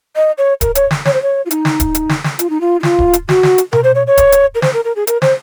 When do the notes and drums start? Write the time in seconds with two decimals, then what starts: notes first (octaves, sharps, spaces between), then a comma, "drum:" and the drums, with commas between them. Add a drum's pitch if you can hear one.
0.16 D#5
0.38 C#5
0.61 A#4, drum: kick D1, hi-hat
0.75 C#5, drum: hi-hat
0.91 drum: snare
1.05 C#5, drum: snare
1.14 C5
1.22 C#5
1.46 F4
1.51 D#4, drum: hi-hat
1.65 drum: snare
1.80 drum: kick D1, hi-hat
1.95 drum: hi-hat
2.09 drum: snare
2.24 drum: snare
2.39 F4, drum: hi-hat
2.50 D#4
2.61 F4
2.80 D#4
2.83 F4, drum: snare
2.99 drum: kick D1
3.13 drum: hi-hat
3.29 F#4, drum: snare
3.43 drum: snare
3.58 drum: hi-hat
3.73 A#4, drum: tom B2
3.84 C5
3.95 C#5
4.07 C#5
4.17 drum: kick D1, hi-hat
4.32 drum: hi-hat
4.55 A#4
4.62 C5, drum: snare
4.74 A#4
4.85 A#4
4.96 G#4
5.07 A#4, drum: hi-hat
5.22 C5, drum: snare